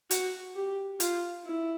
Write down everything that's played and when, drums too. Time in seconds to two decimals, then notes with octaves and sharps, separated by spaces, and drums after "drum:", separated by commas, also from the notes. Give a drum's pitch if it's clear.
0.11 F#4, drum: hi-hat
0.55 G4
1.00 F4, drum: hi-hat
1.45 E4